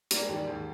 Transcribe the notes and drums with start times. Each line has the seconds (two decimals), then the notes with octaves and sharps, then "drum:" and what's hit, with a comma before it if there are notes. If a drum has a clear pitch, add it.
0.11 G3 A#3, drum: hi-hat
0.22 G#3
0.29 D#2 G3
0.47 D#2 G#2